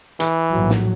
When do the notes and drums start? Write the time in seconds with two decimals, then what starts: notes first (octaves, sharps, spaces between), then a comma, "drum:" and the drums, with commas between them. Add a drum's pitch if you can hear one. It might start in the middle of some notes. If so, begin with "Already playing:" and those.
0.20 E3, drum: hi-hat
0.52 A#1 A2 F#3
0.70 drum: snare